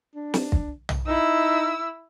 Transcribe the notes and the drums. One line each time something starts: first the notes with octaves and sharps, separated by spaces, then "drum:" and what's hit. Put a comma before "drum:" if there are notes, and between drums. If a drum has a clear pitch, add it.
D4
drum: snare
drum: kick
drum: tom
D#4 E4 E6